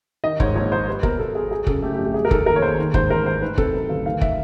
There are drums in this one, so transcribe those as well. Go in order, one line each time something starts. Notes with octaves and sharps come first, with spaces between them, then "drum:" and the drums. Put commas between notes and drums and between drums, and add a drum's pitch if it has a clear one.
D#3 D#5
G#2 C#5, drum: kick
A#1 C#5
A#1 C5
G3 B4
B2 A#4, drum: kick
B1 A4
B1 G#4
F#3 G#4
C#3 A4, drum: kick
A3 G4
G4
F2
G4
G3 G#4
A#4
D#3 A4, drum: kick
D#2 A#4
C#5
D#2 C5
D#3
G#2 C5, drum: kick
A1 A#4
A1 C5
D#3 B4
C3 A4, drum: kick
F#3 B4
D2 F5
D#3 F5
E5, drum: kick